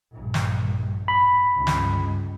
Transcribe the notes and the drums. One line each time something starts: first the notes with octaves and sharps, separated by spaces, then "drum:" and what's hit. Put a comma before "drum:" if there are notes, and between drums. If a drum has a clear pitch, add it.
A#1 G2
drum: snare
B5
C#2 G2
drum: snare